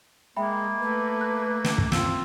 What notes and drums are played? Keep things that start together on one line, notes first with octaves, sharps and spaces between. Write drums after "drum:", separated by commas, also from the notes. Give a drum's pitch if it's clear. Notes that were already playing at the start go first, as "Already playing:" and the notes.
G#3 A#3 E5 G5 B5
A3 B4
F#6
drum: snare
drum: kick
C4 F4 E6, drum: snare